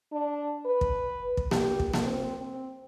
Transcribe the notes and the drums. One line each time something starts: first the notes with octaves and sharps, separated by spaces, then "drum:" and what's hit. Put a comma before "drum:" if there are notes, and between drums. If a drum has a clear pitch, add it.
D4
B4
drum: kick
drum: kick
G4, drum: snare A#3
drum: kick
drum: snare A#3
C4
C4